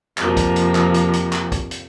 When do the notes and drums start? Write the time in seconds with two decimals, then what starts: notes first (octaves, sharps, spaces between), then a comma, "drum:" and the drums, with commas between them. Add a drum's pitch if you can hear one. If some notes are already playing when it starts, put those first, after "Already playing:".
0.18 F2 C3 F3 A#3, drum: clap
0.37 drum: kick, hi-hat
0.56 drum: hi-hat
0.75 drum: clap
0.94 drum: hi-hat
1.13 drum: hi-hat
1.33 drum: clap
1.52 drum: kick, hi-hat
1.71 drum: hi-hat